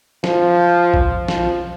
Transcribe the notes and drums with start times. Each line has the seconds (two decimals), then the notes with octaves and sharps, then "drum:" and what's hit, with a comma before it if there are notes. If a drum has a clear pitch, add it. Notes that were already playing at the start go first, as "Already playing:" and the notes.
0.24 F3, drum: snare
0.94 drum: kick A#1
1.28 F3, drum: snare